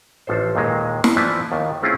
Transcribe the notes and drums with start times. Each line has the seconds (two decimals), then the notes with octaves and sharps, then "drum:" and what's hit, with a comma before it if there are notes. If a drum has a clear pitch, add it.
0.27 A1 F3 A4 C5
0.56 D#2 A#2 D#3 G#3
1.04 drum: snare
1.16 E3 F3 D4 B4 D5 E5
1.52 D#2 D#3 A5
1.82 A3 C4 C#4 E4 F4 G#4